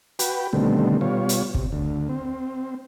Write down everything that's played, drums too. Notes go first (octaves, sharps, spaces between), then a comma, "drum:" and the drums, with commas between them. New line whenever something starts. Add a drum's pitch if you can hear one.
F#4 B4 G5, drum: hi-hat
B2 D3 D#3 G3 A3 C4
B2 G3 F4 C#5
drum: hi-hat
C3, drum: kick
D2
C4